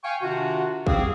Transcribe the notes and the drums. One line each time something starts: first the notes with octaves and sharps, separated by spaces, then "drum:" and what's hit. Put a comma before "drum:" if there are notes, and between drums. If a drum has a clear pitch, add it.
F5 G5 G#5 C#6
C3 D#3 D4 F4 F#4
C4 G4 G#4 F5, drum: kick